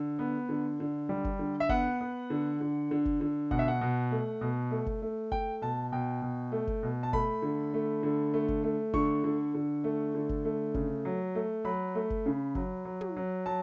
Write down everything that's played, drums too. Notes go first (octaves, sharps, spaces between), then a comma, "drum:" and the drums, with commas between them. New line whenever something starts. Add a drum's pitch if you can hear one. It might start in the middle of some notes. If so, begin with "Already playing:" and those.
Already playing: D3
B3
D3
D3
G3
drum: kick F#1
D3
E5
B3 F#5, drum: kick F#1
B3
D3
D3
D3
drum: kick F#1
D3
B2 F#5, drum: kick F#1
E5
F#5
B2
A3
B2
A3
drum: kick F#1
A3
A3 G5, drum: kick F#1
B2 A5
B2 G5
B2
A3
drum: kick F#1
B2
A5
A3 B5, drum: kick F#1
D3
A3
D3
A3
drum: kick F#1
A3
D3 C#6, drum: kick F#1
D3
D3
A3
D3
drum: kick F#1
A3
C#3, drum: kick F#1
F#3
A3
F#3 B5
A3
drum: kick F#1
C#3
F#3, drum: kick F#1
F#3
drum: tom
F#3
F#3 A5